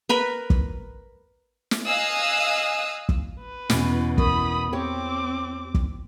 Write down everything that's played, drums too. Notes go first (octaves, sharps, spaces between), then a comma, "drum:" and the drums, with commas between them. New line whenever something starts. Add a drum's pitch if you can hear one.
A#4 B4 B5
drum: kick
drum: snare
D#5 F5 G#5 D#6 E6 F#6
drum: kick
B4
E2 B2 E3 B3 C#4, drum: snare
A#4 B5 C#6 D#6, drum: kick
C4 G4 C#5 D6
drum: kick